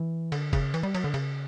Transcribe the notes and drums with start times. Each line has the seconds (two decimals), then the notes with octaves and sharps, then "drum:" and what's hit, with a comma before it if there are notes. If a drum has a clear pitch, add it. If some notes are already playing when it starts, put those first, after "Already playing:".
Already playing: E3
0.32 D3, drum: cymbal
0.53 C#3, drum: kick, cymbal
0.74 E3, drum: cymbal
0.83 G3
0.95 F#3, drum: cymbal
1.04 D3
1.14 C#3, drum: cymbal